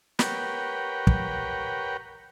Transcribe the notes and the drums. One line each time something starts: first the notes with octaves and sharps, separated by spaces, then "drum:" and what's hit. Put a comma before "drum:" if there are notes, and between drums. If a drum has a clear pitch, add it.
G4 A#4 B4 C#5 F#5 G5, drum: snare
drum: kick